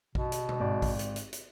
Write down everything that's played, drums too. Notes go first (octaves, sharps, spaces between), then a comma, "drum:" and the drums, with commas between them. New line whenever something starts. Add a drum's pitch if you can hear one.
B2, drum: kick A#1
drum: hi-hat
drum: tom B2
G#1 D5
drum: kick A#1, open hi-hat
drum: hi-hat
drum: hi-hat
drum: hi-hat